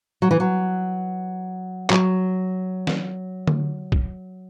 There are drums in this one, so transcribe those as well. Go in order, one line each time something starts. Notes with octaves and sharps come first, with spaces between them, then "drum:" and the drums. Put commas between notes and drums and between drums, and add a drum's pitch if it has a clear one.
F#3
E3
F#3
F#3, drum: clap
drum: snare
drum: tom D3
drum: kick